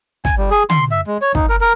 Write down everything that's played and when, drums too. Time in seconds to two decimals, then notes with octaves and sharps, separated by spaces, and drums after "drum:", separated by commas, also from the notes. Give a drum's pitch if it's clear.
0.25 G#5, drum: kick, hi-hat
0.38 G3
0.50 G#4
0.70 C6, drum: tom
0.91 E5
1.07 G#3
1.21 C#5
1.35 D#4, drum: kick
1.49 A#4
1.61 A#4